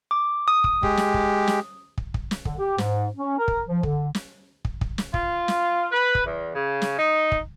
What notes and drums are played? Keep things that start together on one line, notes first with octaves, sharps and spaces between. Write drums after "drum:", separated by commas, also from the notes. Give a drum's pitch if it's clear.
D6
D#6
drum: kick
G#3 G4, drum: kick
drum: snare
drum: kick
drum: snare
drum: kick
drum: kick
drum: snare
D3, drum: kick
G4
G#2, drum: snare
C#4
A#4
drum: kick
F3
D3, drum: kick
drum: snare
drum: kick
drum: kick
drum: snare
F4, drum: kick
drum: snare
B4
drum: kick
E2
C#3
drum: snare
D#4
drum: kick